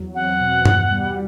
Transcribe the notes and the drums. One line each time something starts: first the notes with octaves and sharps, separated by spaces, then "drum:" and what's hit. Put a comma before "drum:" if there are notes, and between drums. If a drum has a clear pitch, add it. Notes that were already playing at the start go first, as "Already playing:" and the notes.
Already playing: E2 F#3
C4 F#5
B2
E2, drum: tom G2
G3